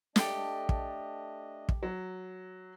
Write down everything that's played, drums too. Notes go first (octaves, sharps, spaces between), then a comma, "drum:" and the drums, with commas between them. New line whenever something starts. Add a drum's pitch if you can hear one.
A3 D4 G4 A4 D#5, drum: snare
drum: kick
drum: kick
F#3